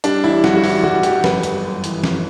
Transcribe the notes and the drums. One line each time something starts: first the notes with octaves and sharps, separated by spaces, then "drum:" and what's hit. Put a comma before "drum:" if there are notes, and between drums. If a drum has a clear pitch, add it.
G3 D4, drum: hi-hat
A1 E4
G2 F#4, drum: snare
F#4
E3 E4, drum: open hi-hat
G3 F#4, drum: tom
A1 G4, drum: hi-hat
G1 B4, drum: snare
G1, drum: hi-hat
F#2
E3, drum: hi-hat
G1, drum: snare